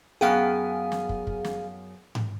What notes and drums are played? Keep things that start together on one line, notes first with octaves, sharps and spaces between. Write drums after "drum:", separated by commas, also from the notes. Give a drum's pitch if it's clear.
F#2 B3 G#4 F5 G5
drum: snare
drum: kick
drum: kick
drum: snare
drum: tom G#2